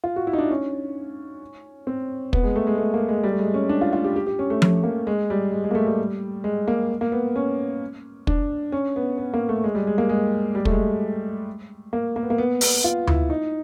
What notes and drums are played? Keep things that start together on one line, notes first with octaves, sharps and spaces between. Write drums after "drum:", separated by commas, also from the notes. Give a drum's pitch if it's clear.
F4
F#4
E4
D#4
D4
C#4
C4
B3, drum: kick
G#3
A3
G#3
A3
A#3
G#3
G3
A3
G#3
C#4
D4
F4
F4
G4
G4
G4
C#4
A3
drum: tom F3
A#3
G#3
G3
G#3
G#3
A#3
A3
G3
G#3
A#3
A#3
B3
C#4
D4, drum: kick
C#4
B3
B3
A#3
A3
G#3
G3
G#3
A#3
G#3
G3
A3, drum: kick
G#3
A#3
A#3
B3
A#3
B3
B3, drum: open hi-hat
F4
E4, drum: tom D2
D#4